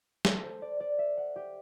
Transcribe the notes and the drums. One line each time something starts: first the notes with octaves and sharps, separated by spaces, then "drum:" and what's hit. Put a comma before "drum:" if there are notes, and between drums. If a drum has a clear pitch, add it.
A4, drum: snare
C5
D5
D5
E5
F#5
G4